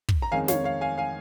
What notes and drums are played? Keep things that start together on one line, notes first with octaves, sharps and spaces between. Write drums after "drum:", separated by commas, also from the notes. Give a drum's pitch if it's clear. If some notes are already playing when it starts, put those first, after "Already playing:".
drum: kick
A#5
F2 D#3 G#3 C#4 F5 G#5
C#5 F5, drum: snare
C#5 F5
F5 G#5
F5 G#5